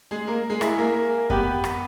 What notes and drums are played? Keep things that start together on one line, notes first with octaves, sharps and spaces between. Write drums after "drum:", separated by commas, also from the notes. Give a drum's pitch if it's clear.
G#3 G#4
A#3 A#4
G#3 G#4
E4 G#4, drum: rim click
A#3 A#4
B3 G4 B4, drum: kick F#2
drum: rim click